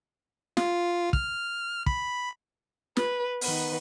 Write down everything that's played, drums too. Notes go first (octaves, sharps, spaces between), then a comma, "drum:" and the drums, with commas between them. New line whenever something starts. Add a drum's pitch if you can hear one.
F4, drum: snare
F6, drum: kick
B5, drum: kick
B4, drum: snare
D#3 B3 B4, drum: open hi-hat